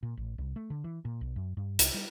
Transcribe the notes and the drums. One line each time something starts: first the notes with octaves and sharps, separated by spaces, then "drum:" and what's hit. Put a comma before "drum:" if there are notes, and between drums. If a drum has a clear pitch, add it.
A#2
A1
C2
A3
D3
E3
A#2
B1
F#2
G2
C2, drum: hi-hat
G3